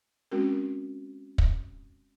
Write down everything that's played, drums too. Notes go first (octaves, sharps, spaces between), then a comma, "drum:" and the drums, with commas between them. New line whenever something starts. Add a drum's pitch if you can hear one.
G#3 C4 C#4 F#4 A#4
drum: kick